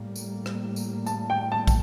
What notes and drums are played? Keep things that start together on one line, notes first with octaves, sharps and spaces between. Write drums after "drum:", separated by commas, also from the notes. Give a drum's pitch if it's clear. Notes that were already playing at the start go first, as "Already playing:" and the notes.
Already playing: A2 G3 A#3
drum: tambourine
drum: rim click
drum: tambourine
A5, drum: tambourine
G5
A5
drum: kick, tambourine